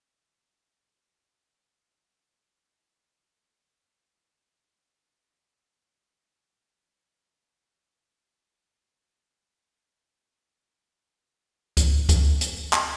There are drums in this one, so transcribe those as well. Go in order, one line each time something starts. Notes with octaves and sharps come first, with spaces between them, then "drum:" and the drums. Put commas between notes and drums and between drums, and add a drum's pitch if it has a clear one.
F#3
F#3
C#4
F#3
F#4
C#3
C#4
C#4
F#3
C#4
C#3
C#3
E3
E3
B3
C#2
C#3
C#2
E3
B3
B3
C#2
C#3
B3
B3
C#3
B3
C#2
C#3
B3
F#3
C#2
F#3
C#3
B3
F#3
B2
B2
B2
B2
B3
F#4
B2
B2
B2
B2
B3
F#4
B3
F#4
B2
B2
F#4
F#4
drum: kick C#2, hi-hat
drum: kick C#2, hi-hat
drum: hi-hat
drum: clap